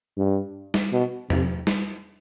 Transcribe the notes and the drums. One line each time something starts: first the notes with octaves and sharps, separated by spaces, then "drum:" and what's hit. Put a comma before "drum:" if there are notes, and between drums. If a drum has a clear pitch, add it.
G2
drum: snare
B2
C3, drum: tom
drum: snare